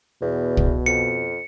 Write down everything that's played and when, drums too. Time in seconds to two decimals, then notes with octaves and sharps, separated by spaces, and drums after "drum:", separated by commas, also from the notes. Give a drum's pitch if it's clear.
0.22 E2 B2
0.57 drum: kick
0.86 F2 C#7